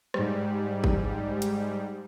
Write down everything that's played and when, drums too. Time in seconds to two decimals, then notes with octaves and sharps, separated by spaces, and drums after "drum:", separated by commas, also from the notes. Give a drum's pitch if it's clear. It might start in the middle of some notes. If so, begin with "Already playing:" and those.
0.14 G#2 G3, drum: rim click
0.84 drum: kick G#1
1.42 drum: hi-hat